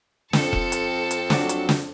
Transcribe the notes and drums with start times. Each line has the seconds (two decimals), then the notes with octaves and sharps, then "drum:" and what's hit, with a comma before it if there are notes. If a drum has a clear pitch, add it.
0.33 F2 C4 A4 A5 C#7, drum: snare
0.53 drum: kick E1
0.72 drum: hi-hat
1.11 drum: hi-hat
1.30 F#3 D4 F#4, drum: snare
1.49 drum: hi-hat
1.69 drum: snare